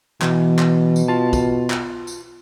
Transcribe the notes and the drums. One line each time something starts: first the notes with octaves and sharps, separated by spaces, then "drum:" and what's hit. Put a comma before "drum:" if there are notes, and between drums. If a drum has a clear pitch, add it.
B2 E3, drum: clap
drum: clap
drum: tambourine
F4 A5
drum: kick, tambourine
drum: clap
drum: tambourine